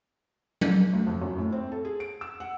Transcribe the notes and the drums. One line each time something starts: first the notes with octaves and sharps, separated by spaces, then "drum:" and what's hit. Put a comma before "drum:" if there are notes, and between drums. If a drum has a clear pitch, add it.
drum: tom F#3
D2
F2
F#2
A2
C4
A4
G#4
D7
E6
F#5